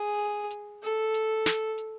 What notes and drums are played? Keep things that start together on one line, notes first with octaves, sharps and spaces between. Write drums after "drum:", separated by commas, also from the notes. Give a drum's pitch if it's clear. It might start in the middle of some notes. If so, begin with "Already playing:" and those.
Already playing: G#4
drum: hi-hat
A4
drum: hi-hat
drum: snare
drum: hi-hat